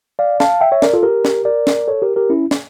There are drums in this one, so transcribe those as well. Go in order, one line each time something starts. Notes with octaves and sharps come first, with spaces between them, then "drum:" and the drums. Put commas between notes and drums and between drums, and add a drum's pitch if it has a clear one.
D5 F5
F5 A5, drum: snare
E5 G5
C#5 E5
A#4 D5, drum: snare
F4 A4
G4 A#4
drum: snare
A#4 D5
drum: snare
A4 C#5
G4 A#4
G4 A#4
C#4 E4
drum: snare